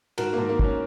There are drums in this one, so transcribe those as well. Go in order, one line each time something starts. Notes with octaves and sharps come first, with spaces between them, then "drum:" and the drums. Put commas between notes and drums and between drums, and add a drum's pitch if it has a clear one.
G#2 F#4 A#4, drum: cymbal
G#2 A#3
A#3
G#2 C#4, drum: kick